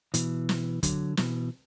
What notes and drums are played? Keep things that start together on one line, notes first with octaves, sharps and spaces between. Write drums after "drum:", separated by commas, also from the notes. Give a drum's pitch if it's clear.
B2 E3, drum: hi-hat
drum: snare
D3 F#3, drum: kick, hi-hat
B2 E3, drum: snare